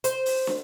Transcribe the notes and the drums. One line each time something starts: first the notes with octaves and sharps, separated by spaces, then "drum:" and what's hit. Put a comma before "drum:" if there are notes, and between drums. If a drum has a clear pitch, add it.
C5, drum: hi-hat
drum: open hi-hat
drum: snare